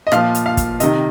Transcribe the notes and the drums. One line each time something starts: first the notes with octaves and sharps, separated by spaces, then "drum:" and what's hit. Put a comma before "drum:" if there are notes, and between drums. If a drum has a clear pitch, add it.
D#5
A#2 F3 F5, drum: rim click
drum: hi-hat
F5
drum: kick, hi-hat
C3 D#3 D#5, drum: hi-hat